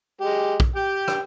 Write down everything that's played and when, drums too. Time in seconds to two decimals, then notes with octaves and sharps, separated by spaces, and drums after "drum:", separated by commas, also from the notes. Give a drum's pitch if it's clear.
0.21 G#3 G4
0.60 drum: kick
0.76 G4 G5
1.08 drum: rim click